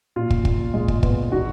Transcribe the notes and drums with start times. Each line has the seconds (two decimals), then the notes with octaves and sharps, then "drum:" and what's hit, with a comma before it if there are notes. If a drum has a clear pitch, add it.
0.16 A#2 F4
0.30 drum: kick
0.45 A#2, drum: kick
0.74 G#3
0.88 drum: kick
1.03 B3, drum: kick
1.32 D#3 F#4